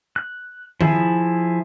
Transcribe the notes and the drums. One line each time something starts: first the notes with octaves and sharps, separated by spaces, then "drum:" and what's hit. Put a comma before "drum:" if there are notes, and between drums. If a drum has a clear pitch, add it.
F#6
F3 E4 G#4, drum: tom D#3